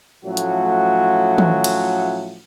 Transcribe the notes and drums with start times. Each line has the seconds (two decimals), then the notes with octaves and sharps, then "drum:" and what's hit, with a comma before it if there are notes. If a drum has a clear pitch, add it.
0.24 A2 F3 F#3 A3 C#4 F#4
0.37 drum: hi-hat
1.38 drum: tom
1.64 drum: cymbal